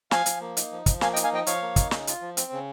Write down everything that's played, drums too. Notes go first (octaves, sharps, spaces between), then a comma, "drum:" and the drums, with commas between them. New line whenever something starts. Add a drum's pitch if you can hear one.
F3 F5 G#5, drum: snare
F3, drum: hi-hat
A#3
D#4, drum: hi-hat
F3
F3, drum: kick, hi-hat
A#3 F5 G#5, drum: snare
D#5 G5
D#4, drum: hi-hat
F5 G#5
F3 D#5 G5
F3 C#5 F5, drum: hi-hat
A#3
D#4, drum: kick, hi-hat
C#3, drum: snare
F4, drum: hi-hat
F3
C4, drum: hi-hat
C#3